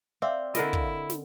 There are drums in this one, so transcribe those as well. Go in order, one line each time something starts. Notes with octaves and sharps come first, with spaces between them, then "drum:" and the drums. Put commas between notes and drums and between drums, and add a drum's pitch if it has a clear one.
C4 D5 E5 F5
D3 E4 A#4 D#5, drum: snare
drum: kick
drum: snare